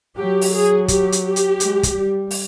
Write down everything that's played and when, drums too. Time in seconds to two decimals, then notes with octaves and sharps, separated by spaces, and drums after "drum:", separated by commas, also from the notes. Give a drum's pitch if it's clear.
0.17 F#3 G4
0.41 drum: open hi-hat
0.53 G#4
0.88 G4, drum: kick, hi-hat
1.12 drum: hi-hat
1.24 G4
1.36 drum: hi-hat
1.60 G#3, drum: hi-hat
1.83 drum: kick, hi-hat
1.95 G3
2.31 drum: open hi-hat